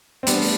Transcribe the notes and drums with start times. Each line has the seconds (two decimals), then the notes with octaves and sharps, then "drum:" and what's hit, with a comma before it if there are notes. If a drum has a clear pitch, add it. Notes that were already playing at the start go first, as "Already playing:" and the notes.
0.23 C4
0.27 E3 G3 A3 B3 D4, drum: hi-hat
0.42 drum: open hi-hat